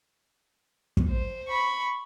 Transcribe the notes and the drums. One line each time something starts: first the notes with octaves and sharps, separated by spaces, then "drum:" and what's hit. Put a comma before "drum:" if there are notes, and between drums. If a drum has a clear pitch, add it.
drum: kick
C5
B5 C#6